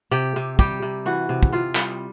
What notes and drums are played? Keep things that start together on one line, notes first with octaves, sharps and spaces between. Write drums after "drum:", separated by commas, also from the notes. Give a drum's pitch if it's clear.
C3 G4
C3
G3 G4, drum: kick
C3
E3 F#4
C3
drum: kick
C3 F4
G3, drum: clap